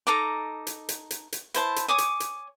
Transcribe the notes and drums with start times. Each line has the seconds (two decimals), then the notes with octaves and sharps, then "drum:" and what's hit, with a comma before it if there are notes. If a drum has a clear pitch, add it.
0.07 D#4 A4 A#5 D6
0.67 drum: hi-hat
0.89 drum: hi-hat
1.11 drum: hi-hat
1.32 drum: hi-hat
1.54 E4 C5 A5, drum: hi-hat
1.76 drum: hi-hat
1.88 C#5 G#5 D6 D#6
1.98 drum: hi-hat
2.20 drum: hi-hat